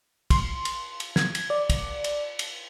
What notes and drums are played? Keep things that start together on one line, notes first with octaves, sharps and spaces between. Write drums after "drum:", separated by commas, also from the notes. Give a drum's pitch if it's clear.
C6, drum: kick, cymbal
drum: cymbal
drum: cymbal
G#6, drum: snare
drum: cymbal
D5
drum: kick, cymbal
drum: cymbal
drum: cymbal